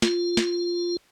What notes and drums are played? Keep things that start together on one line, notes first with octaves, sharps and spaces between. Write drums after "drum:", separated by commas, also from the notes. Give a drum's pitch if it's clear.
F4, drum: snare
drum: snare